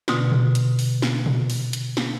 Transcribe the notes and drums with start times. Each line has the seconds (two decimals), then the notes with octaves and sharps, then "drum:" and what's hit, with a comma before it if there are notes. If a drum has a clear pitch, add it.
0.08 B2 D3 F4 C6, drum: snare
0.32 drum: tom A#2
0.55 drum: hi-hat
0.79 drum: open hi-hat
1.02 drum: snare
1.26 drum: tom A#2
1.50 drum: open hi-hat
1.73 drum: hi-hat
1.97 drum: snare